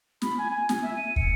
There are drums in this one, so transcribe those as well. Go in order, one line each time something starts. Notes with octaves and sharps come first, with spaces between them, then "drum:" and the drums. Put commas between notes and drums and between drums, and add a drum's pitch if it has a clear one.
B5, drum: snare
G#5
G#5
G#5, drum: snare
E5
D#7
C#7, drum: kick